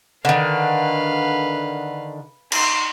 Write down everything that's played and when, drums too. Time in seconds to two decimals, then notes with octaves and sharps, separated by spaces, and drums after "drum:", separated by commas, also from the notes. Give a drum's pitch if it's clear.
0.25 D3 D#3 B4 F5
2.52 D#4 C6, drum: cymbal